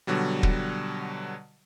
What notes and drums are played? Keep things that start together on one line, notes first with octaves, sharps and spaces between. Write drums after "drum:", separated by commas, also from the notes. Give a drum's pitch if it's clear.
B2 D3 F#3 G3
drum: kick